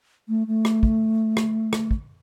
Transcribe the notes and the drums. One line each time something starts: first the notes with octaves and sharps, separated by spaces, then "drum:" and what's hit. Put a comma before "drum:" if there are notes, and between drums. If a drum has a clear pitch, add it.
A3
A3
drum: rim click
drum: kick
drum: rim click
drum: rim click
drum: kick